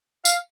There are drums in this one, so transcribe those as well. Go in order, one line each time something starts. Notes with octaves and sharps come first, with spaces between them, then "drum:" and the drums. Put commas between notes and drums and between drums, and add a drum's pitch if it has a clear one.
F5, drum: tambourine